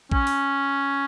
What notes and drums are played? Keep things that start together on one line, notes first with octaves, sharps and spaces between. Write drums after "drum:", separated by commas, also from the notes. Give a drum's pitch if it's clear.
C#4, drum: kick A#1
drum: open hi-hat